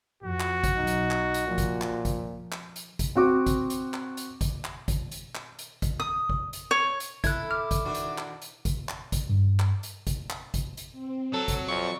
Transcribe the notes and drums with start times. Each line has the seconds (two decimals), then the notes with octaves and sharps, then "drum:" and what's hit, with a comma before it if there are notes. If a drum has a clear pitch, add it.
0.23 F2 F#4
0.40 drum: clap
0.64 drum: kick G#1, hi-hat
0.76 B1 D#4
0.87 drum: hi-hat
1.11 drum: clap
1.34 drum: hi-hat
1.47 A#2 F3
1.58 drum: kick G#1, hi-hat
1.81 drum: clap
2.05 drum: kick G#1, hi-hat
2.52 drum: clap
2.76 drum: hi-hat
2.99 drum: kick G#1, hi-hat
3.15 C4 F#4 D6
3.46 drum: kick G#1, hi-hat
3.70 drum: hi-hat
3.94 drum: clap
4.17 drum: hi-hat
4.41 drum: kick G#1, hi-hat
4.64 drum: clap
4.88 drum: kick G#1, hi-hat
5.12 drum: hi-hat
5.35 drum: clap
5.59 drum: hi-hat
5.82 drum: kick G#1, hi-hat
6.00 D#6
6.29 drum: kick G#1
6.53 drum: hi-hat
6.71 C#5
7.00 drum: hi-hat
7.24 E4 A4 F#6 G#6, drum: kick G#1, hi-hat
7.51 D6 F6
7.71 drum: kick G#1, hi-hat
7.85 D#3 D4 F#4
7.94 drum: hi-hat
8.18 drum: clap
8.42 drum: hi-hat
8.65 drum: kick G#1, hi-hat
8.89 drum: clap
9.12 drum: kick G#1, hi-hat
9.30 G2
9.59 drum: clap
9.83 drum: hi-hat
10.07 drum: kick G#1, hi-hat
10.30 drum: clap
10.54 drum: kick G#1, hi-hat
10.77 drum: hi-hat
10.92 C4
11.33 F#3 A4
11.48 drum: kick G#1, hi-hat
11.68 F2 D5 C#6 D6